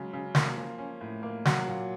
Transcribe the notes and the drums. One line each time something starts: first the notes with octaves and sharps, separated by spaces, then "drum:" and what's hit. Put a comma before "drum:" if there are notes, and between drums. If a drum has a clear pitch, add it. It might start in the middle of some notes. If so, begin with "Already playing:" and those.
Already playing: C#3 F#3 G#3
C#3
A#3, drum: snare
F3
C#4
A2
A#3
F#3 F#5, drum: snare
A#2